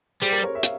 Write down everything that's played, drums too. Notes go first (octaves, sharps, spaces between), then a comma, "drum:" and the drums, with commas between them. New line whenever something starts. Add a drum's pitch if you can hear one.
G3 G#4 C5
G4 A#4
A#4 C#5
E5
F5, drum: hi-hat